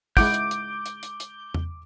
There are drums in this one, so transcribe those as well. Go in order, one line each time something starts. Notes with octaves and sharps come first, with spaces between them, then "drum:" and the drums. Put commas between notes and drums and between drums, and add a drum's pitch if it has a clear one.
G#3 E4 F#5 D6 G6 D7, drum: kick, open hi-hat
drum: hi-hat
drum: hi-hat
drum: hi-hat
drum: hi-hat
drum: hi-hat
drum: tom E2